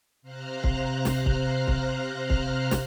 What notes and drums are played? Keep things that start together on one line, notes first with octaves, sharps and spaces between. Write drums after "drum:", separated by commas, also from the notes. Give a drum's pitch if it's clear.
C3 C5 F5 A#5 F6 F#6
drum: kick
drum: snare
drum: kick
drum: kick
drum: kick
drum: snare